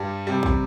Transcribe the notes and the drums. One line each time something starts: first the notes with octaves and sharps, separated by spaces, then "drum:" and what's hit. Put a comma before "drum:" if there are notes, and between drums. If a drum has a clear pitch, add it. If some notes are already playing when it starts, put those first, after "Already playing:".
Already playing: G2 G3
C3 G3
drum: kick A1